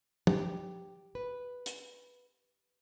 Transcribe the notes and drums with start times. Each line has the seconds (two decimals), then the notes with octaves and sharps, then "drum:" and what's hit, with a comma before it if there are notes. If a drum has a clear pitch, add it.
0.27 G4, drum: tom
1.15 B4
1.66 drum: hi-hat